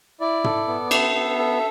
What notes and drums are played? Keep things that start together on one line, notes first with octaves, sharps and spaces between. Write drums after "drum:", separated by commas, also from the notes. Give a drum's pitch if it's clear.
E4 D5
A4, drum: tom
B3
A4 E5, drum: cymbal
B3
A4